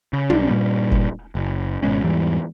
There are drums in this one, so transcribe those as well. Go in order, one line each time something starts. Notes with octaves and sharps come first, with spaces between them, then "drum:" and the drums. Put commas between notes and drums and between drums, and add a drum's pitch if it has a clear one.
C#3
B1 G3 D4, drum: tom
G2 A#2 G3
drum: kick F#1
F#1
G#1 B2 G#3 C#4
E2 G#2 E3 G3